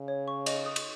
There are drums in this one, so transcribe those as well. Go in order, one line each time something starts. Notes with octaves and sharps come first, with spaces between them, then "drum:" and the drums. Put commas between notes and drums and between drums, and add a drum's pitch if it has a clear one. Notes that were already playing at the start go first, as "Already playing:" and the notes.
Already playing: C#3
C#5
C#6
D#5, drum: cymbal
D#6
drum: cymbal